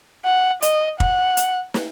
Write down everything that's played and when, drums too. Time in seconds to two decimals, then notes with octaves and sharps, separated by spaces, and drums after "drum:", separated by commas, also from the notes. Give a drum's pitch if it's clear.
0.25 F#5
0.62 D#5, drum: hi-hat
1.00 F#5, drum: kick
1.37 drum: hi-hat
1.74 drum: snare